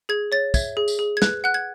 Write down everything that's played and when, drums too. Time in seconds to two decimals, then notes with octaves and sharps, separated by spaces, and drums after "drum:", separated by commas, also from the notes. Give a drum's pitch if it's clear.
0.09 G#4 G#6
0.32 C#5 A6
0.54 E5 G#6, drum: kick, tambourine
0.77 G#4
0.88 drum: tambourine
0.99 G#4
1.17 G#6
1.22 B4 F#6, drum: snare
1.44 F#5 F#6
1.54 G#6